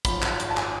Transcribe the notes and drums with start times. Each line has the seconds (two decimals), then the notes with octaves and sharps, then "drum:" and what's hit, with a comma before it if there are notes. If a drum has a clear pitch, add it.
0.05 G#1 F#2 F3 B5, drum: kick, hi-hat
0.22 drum: clap
0.40 drum: hi-hat
0.50 A5
0.57 G#5, drum: clap